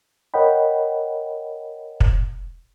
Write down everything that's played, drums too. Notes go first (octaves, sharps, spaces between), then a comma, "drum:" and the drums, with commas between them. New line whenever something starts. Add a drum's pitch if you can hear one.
A#4 C#5 D#5 F#5 G5 B5
drum: kick